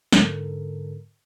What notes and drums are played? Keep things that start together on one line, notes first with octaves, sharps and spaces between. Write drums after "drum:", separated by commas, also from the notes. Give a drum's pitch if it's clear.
G#2 D3 A4 A#4, drum: snare